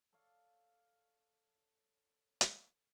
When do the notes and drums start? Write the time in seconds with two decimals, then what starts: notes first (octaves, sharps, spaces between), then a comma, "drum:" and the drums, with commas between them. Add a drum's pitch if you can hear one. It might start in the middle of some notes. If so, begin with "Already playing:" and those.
0.13 A4 C#5 D5 F5
2.41 drum: hi-hat